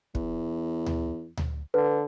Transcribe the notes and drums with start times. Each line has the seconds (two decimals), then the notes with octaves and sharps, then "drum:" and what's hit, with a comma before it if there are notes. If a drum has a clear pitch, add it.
0.15 E2, drum: kick
0.86 drum: tom D2
1.37 drum: tom D2
1.74 D3 B4